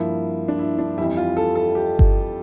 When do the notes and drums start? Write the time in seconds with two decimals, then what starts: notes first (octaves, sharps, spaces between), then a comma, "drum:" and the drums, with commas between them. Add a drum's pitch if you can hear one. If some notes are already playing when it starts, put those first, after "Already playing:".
Already playing: G2 F3 A#3 E4
0.48 D4
0.59 E4
0.79 D4
0.98 F2 E3 G3 E4
1.17 F4
1.37 A4
1.55 A4
1.75 G4
1.99 drum: kick G1